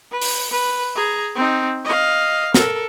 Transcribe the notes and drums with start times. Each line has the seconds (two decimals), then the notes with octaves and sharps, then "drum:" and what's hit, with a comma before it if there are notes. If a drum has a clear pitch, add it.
0.12 B4
0.22 drum: open hi-hat
0.51 B4
0.96 G#4 A#5
1.35 C4 D#4
1.85 D#5 F5
2.54 A4 A#4, drum: snare